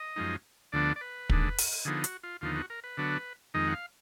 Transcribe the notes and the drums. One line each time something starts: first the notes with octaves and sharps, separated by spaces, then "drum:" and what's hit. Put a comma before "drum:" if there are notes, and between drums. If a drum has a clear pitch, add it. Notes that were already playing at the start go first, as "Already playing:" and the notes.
Already playing: D#5
F#2 F3 G#3 D#4
D2 D3 F3 B3 D4 D5
D5
B4
D#2 D3 G#3 D4, drum: kick
drum: open hi-hat
D3 F3 B3 D#4 G#4
F#4, drum: hi-hat
F4
D#2 D3 F3 B3 D#4 F4
F#4
A#4
B4
D3 F#3 B3 D4
F2 D#3 G#3 D#4 D#5
F#5
F5